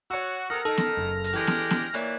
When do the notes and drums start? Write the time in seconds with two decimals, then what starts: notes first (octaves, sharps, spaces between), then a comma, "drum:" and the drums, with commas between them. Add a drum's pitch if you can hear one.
0.10 F#4 C#5 E6
0.50 C3 A4 A#4 F#5 D#6 F6 A#6
0.65 D#3 D#4 A4
0.77 drum: snare B3
0.97 F#1
1.24 drum: hi-hat
1.34 E3 G#3 D4 G4
1.47 drum: snare B3
1.71 drum: snare B3
1.94 A#2 E3 A#3 C#5 D5, drum: hi-hat